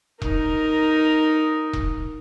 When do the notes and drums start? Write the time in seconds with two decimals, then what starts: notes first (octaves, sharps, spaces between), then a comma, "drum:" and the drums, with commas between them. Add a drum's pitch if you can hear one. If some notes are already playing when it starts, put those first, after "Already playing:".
0.22 D#4 A#4, drum: kick E1
1.73 drum: kick E1